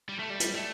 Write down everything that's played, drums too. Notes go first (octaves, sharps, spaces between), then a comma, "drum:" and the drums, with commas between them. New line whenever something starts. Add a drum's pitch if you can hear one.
G3
A3
G3
drum: hi-hat
A3